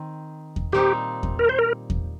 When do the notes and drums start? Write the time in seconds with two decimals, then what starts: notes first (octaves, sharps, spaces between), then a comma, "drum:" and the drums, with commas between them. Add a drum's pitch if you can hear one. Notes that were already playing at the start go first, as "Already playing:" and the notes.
Already playing: D#3 C4
0.56 drum: kick E2
0.72 A#2 G3 C4 D#4 G4
1.23 drum: kick E2
1.39 A#4
1.49 C5
1.58 A#4
1.90 drum: kick E2